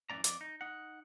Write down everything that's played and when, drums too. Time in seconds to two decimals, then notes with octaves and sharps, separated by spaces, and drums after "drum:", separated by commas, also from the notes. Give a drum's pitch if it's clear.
0.10 F#2 E3 A#3 C#4 D5 A#5
0.24 F2 D5, drum: hi-hat
0.41 D#4
0.61 D#4 F#5